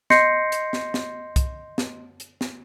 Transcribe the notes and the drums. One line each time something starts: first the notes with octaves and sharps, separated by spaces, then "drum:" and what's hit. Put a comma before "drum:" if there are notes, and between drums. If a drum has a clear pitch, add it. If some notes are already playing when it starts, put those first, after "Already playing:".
D#5 C6 G6 A#6 C7 C#7, drum: snare
drum: hi-hat
drum: snare
drum: snare
drum: kick, hi-hat
drum: snare
drum: hi-hat
drum: snare